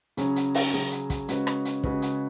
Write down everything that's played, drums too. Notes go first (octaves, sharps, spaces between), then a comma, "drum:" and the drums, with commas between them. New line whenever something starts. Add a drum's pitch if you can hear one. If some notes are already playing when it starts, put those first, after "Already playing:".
C#3 F#3 C#4 G#4, drum: hi-hat
drum: hi-hat
drum: open hi-hat
C#3 F#3 C#4 G#4
drum: hi-hat
drum: kick, hi-hat
C#3 G#3 C#4 F#4 B4, drum: hi-hat
drum: rim click
drum: hi-hat
C#3 G#3 C#4 F#4 B4, drum: kick
drum: hi-hat